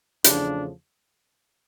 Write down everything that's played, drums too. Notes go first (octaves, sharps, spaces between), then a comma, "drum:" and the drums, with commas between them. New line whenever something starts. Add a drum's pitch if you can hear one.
E2 C#3 F3 A3 D4, drum: hi-hat